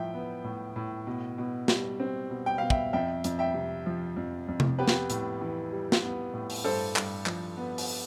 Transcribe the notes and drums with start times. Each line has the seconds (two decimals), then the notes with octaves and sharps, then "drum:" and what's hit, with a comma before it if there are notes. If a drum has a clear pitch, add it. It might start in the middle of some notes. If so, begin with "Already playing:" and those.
Already playing: A2 F3 E5 G5
0.14 B3
0.44 A2
0.76 A2
1.07 B2
1.38 B2
1.68 G3, drum: snare
2.00 C4
2.30 B2
2.46 G5
2.58 B2 F5
2.70 E5 G5, drum: kick
2.93 F2 E5 G5
3.24 F2, drum: hi-hat
3.39 E5 G5
3.54 C3
3.86 F3
4.17 F2
4.48 F2
4.60 drum: tom C3
4.79 B3 G4 B4
4.88 drum: snare
5.10 A2, drum: hi-hat
5.41 E3
5.72 G3
5.92 drum: snare
6.02 B3
6.33 A2
6.50 drum: open hi-hat
6.64 G2 A4 C5
6.96 G2, drum: clap
7.26 F3, drum: clap
7.57 B3
7.78 drum: open hi-hat